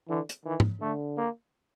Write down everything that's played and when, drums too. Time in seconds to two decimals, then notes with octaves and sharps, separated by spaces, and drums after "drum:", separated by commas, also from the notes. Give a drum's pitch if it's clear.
0.09 D3 E3
0.29 drum: hi-hat
0.45 D#3 E3
0.60 drum: tom G#2
0.81 D3 A3
1.18 A#3